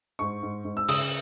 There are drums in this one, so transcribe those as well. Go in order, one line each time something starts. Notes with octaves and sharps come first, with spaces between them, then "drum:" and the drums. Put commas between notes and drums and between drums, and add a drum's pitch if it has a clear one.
G#2 C#6
G#2
G#2
E6
C#3 D#6, drum: open hi-hat